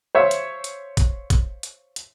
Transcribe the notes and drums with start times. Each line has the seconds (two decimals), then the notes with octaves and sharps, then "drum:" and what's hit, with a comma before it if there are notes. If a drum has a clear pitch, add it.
0.15 C5 C#5 E5 F5
0.31 drum: hi-hat
0.64 drum: hi-hat
0.97 drum: kick, hi-hat
1.30 drum: kick, hi-hat
1.63 drum: hi-hat
1.96 drum: hi-hat